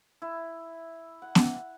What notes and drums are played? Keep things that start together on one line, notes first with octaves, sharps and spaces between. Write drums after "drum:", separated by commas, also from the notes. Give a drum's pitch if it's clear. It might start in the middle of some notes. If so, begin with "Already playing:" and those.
E4
F#5
drum: snare B3